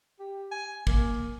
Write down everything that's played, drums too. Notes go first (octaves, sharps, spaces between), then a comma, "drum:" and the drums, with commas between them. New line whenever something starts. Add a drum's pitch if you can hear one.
G4
G#5
A#3, drum: kick